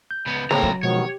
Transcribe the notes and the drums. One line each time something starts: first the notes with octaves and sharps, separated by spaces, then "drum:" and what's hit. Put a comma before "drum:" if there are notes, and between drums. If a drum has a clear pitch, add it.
G6
C#2 B3
C#2 A2 A#3 C4 G#4 C#5 A5 A#5, drum: snare
F#3, drum: kick
B2 D#3 F3 F#3 G#3 B3 C#5
G4